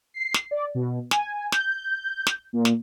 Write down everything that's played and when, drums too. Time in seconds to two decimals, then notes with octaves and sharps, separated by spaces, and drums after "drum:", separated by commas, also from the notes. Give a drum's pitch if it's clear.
0.14 C7
0.34 drum: snare
0.51 D5
0.75 B2
1.11 G#5, drum: snare
1.52 G6, drum: snare
2.27 drum: snare
2.53 A#2
2.65 drum: snare